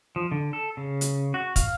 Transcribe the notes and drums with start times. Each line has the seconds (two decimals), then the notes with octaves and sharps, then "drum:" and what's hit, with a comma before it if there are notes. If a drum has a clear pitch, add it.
0.16 F3
0.32 D3
0.53 A4
0.77 C#3
1.01 drum: hi-hat
1.34 F#4
1.56 F5, drum: kick, hi-hat